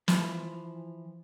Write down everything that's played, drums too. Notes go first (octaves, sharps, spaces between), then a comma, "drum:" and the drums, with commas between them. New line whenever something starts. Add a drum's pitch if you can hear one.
E3 F3, drum: snare